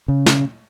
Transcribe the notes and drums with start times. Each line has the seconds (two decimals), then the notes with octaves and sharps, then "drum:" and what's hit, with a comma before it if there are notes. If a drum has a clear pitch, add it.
0.08 C#3
0.26 drum: snare